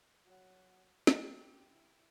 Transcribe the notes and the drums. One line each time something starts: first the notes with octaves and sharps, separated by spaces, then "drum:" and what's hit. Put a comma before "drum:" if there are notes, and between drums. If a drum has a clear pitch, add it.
F#3
G4, drum: snare
E4